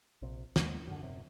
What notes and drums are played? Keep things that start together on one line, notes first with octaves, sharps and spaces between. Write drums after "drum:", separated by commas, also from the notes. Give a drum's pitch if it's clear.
A#1 C3
D#2 G#3 A#3 B3, drum: snare
F#2 D3
D#1 F#2 C3